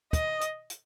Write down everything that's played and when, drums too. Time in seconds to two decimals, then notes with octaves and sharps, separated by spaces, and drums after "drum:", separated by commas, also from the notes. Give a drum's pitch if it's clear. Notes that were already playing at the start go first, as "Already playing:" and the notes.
0.13 D#5, drum: kick, hi-hat
0.41 drum: hi-hat
0.70 drum: hi-hat